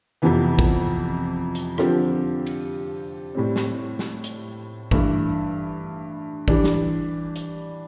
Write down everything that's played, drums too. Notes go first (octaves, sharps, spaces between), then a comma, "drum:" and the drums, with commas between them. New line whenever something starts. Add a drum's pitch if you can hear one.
F2 C3 E3 B3
drum: kick
drum: hi-hat
D3 F3 C4 G4, drum: rim click
drum: cymbal
A2 G3 C4
drum: snare
drum: snare
drum: hi-hat
G2 E3 A3 E4, drum: kick
E3 G3 D4, drum: kick
drum: snare
drum: hi-hat